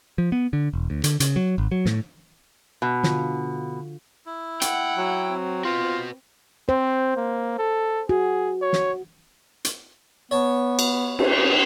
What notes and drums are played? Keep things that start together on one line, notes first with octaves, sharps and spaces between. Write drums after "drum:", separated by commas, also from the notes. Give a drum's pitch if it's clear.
F3
B3
D3
E1
D2
D3, drum: hi-hat
C#3, drum: hi-hat
F#3
G#1
F#3
A2, drum: snare
B2
D3 F4, drum: snare
E4
F#5 G5, drum: hi-hat
F#3
C4
F4 F#4 B4 C5
C4 C5
A#3
A4
F#4 G#4
C#5
drum: snare
drum: hi-hat
B3 C#5 A5
drum: cymbal
drum: cymbal